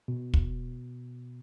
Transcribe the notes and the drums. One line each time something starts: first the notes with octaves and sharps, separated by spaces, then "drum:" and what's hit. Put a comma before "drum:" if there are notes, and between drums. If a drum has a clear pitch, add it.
B2
drum: kick